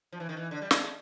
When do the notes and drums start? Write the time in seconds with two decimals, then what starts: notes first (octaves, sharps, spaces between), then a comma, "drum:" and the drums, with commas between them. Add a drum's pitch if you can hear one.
0.12 F3
0.20 E3
0.29 D#3
0.37 E3
0.51 D3
0.62 G3
0.71 G#3, drum: snare
0.80 A3